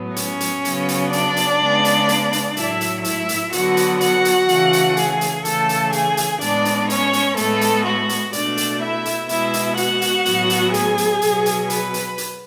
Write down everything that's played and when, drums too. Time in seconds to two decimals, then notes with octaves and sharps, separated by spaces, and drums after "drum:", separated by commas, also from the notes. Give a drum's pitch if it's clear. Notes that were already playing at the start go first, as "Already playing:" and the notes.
Already playing: A2 F#3 B3
0.16 C#4 C#5, drum: hi-hat
0.40 drum: hi-hat
0.65 C#3 F#3 B3, drum: hi-hat
0.89 drum: hi-hat
1.13 D4 D5, drum: hi-hat
1.37 drum: hi-hat
1.61 C#3 G#3 B3
1.85 drum: hi-hat
2.09 drum: hi-hat
2.33 drum: hi-hat
2.57 A2 F#3 A3 E4 E5, drum: hi-hat
2.81 drum: hi-hat
3.04 E4 E5, drum: hi-hat
3.29 drum: hi-hat
3.52 D3 F#3 B3 F#4 F#5, drum: hi-hat
3.77 drum: hi-hat
4.01 F#4 F#5, drum: hi-hat
4.25 drum: hi-hat
4.49 C#3 E3 A3, drum: hi-hat
4.73 drum: hi-hat
4.97 G#4 G#5, drum: hi-hat
5.21 drum: hi-hat
5.45 C#3 E3 A3 A4 A5, drum: hi-hat
5.69 drum: hi-hat
5.92 G#4 G#5, drum: hi-hat
6.17 drum: hi-hat
6.41 A2 G#3 B3 D4 D5, drum: hi-hat
6.65 drum: hi-hat
6.90 C#4 C#5, drum: hi-hat
7.13 drum: hi-hat
7.37 A2 G#3 A3 B3 A4, drum: hi-hat
7.61 drum: hi-hat
7.85 F#4
8.09 drum: hi-hat
8.33 B2 A3 D4 D5, drum: hi-hat
8.57 drum: hi-hat
8.81 E4 E5
9.05 drum: hi-hat
9.29 B2 G#3 B3 E4 E5, drum: hi-hat
9.54 drum: hi-hat
9.77 F#4 F#5, drum: hi-hat
10.02 drum: hi-hat
10.25 A2 F#3 B3, drum: hi-hat
10.50 drum: hi-hat
10.74 G#4 G#5, drum: hi-hat
10.98 drum: hi-hat
11.22 B2 F#3 B3, drum: hi-hat
11.46 drum: hi-hat
11.70 B4 B5, drum: hi-hat
11.94 drum: hi-hat
12.18 drum: hi-hat